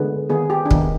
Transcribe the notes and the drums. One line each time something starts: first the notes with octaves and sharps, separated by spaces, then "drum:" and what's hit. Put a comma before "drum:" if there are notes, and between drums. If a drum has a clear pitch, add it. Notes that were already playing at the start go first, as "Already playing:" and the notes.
Already playing: D3 G#3 B3 B4
D#3 B3 G#4
G4
D4
D#3 B3 D#4, drum: kick